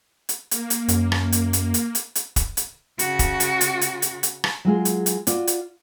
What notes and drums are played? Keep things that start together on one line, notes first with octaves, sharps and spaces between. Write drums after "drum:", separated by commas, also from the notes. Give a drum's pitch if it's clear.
drum: hi-hat
A#3, drum: hi-hat
drum: hi-hat
F#2, drum: hi-hat
drum: rim click
drum: hi-hat
drum: hi-hat
drum: hi-hat
drum: hi-hat
drum: hi-hat
drum: kick, hi-hat
drum: hi-hat
C#3 F#4, drum: hi-hat
drum: kick, hi-hat
drum: hi-hat
drum: hi-hat
drum: hi-hat
drum: hi-hat
drum: hi-hat
drum: rim click
F#3 G#3 F4 G#4
drum: hi-hat
drum: hi-hat
F4 F#4 D5, drum: hi-hat
drum: hi-hat